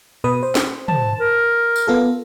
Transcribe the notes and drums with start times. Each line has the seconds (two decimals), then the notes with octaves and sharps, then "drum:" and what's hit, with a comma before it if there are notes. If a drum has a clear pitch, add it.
0.24 B2 B4 D#6
0.43 C5
0.55 drum: snare
0.88 A5, drum: tom
1.20 A#4
1.76 drum: tambourine
1.87 B3 F4 A4